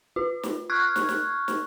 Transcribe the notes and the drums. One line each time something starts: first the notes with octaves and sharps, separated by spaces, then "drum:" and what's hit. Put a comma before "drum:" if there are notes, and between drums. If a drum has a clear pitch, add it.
F4
drum: snare
C#6 F6 F#6 G#6
drum: snare
drum: snare
drum: snare